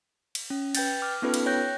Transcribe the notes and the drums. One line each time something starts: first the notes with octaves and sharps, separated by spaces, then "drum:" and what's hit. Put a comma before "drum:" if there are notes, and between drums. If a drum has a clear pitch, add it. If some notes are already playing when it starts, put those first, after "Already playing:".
drum: cymbal
C#4
B4 G5 G6 A6, drum: cymbal
D6 F6
B3 C#4 D#4 F4 A4 B4
drum: cymbal
C#5 G5 F#6 G6 A#6